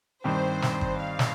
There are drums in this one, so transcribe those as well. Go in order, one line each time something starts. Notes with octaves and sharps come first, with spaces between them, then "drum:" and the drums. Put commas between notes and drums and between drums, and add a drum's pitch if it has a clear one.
G2 D#3 C4 G4 C5
drum: snare
drum: kick G1
F5
drum: snare